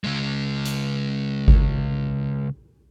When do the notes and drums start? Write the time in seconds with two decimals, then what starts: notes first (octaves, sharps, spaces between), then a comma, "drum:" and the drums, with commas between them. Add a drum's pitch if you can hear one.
0.04 C#3 G#3
0.65 drum: hi-hat
1.48 drum: kick G1